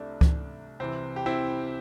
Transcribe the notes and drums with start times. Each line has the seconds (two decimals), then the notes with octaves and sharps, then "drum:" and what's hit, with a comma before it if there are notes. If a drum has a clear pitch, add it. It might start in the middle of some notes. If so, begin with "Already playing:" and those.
Already playing: C2 C3 A3 D4
0.21 drum: kick C#2
0.80 C2 C3 E3 C4
1.16 G4
1.26 C4 E4